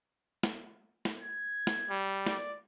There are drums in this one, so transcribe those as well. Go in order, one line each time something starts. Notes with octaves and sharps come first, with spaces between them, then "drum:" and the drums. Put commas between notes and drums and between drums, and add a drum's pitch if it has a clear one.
drum: snare
drum: snare
G#6
drum: snare
G3
D5, drum: snare